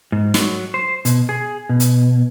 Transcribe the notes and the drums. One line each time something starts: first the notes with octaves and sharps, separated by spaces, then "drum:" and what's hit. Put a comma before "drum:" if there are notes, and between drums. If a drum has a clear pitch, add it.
G#2
F#3, drum: snare
C5
B2, drum: hi-hat
G#4
B2
drum: hi-hat